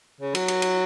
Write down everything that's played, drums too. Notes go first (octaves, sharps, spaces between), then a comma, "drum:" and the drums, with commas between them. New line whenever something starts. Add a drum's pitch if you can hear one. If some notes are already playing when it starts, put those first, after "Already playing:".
C#3
F#3, drum: cymbal
drum: cymbal
drum: cymbal